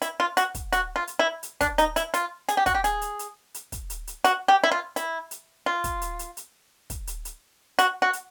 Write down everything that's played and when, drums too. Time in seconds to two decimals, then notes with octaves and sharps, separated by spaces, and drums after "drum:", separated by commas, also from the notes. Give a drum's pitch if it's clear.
0.02 E4, drum: hi-hat
0.20 F4
0.37 F#4, drum: hi-hat
0.54 drum: kick, hi-hat
0.73 F#4, drum: hi-hat
0.96 F4
1.07 drum: hi-hat
1.19 E4
1.43 drum: hi-hat
1.61 D4, drum: kick, hi-hat
1.78 D#4, drum: hi-hat
1.96 E4, drum: hi-hat
2.14 F4, drum: hi-hat
2.49 G#4, drum: hi-hat
2.57 G4
2.66 F#4, drum: kick, hi-hat
2.75 G4
2.84 G#4, drum: hi-hat
3.02 drum: hi-hat
3.19 drum: hi-hat
3.54 drum: hi-hat
3.72 drum: kick, hi-hat
3.90 drum: hi-hat
4.07 drum: hi-hat
4.24 F#4, drum: hi-hat
4.48 G4
4.64 E4
4.72 F4
4.96 E4, drum: hi-hat
5.31 drum: hi-hat
5.66 F4
5.84 drum: kick, hi-hat
6.02 drum: hi-hat
6.19 drum: hi-hat
6.37 drum: hi-hat
6.90 drum: kick, hi-hat
7.07 drum: hi-hat
7.25 drum: hi-hat
7.79 F#4, drum: hi-hat
8.02 F#4
8.13 drum: hi-hat